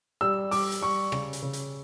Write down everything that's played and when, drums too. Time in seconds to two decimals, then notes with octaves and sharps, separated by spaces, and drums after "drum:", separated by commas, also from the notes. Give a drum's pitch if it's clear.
0.21 G3 E6
0.51 G3 D6, drum: open hi-hat
0.72 drum: hi-hat
0.81 G3 C#6
1.12 C#3, drum: rim click
1.33 drum: hi-hat
1.43 C#3
1.53 drum: hi-hat